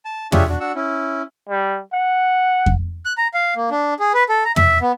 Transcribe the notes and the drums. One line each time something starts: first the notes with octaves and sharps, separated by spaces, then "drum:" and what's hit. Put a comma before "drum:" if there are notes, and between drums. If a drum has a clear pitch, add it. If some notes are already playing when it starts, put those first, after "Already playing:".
A5
D4 F4 G4 G#4 C#5 E5, drum: tom
D4 F#4
D4 F#4 F#5 E6
C#4 E4
G3
F#5
drum: kick F2
F#6
A#5
F5
A#3
D4
G#4
B4
A4
A#5
E5, drum: tom
B3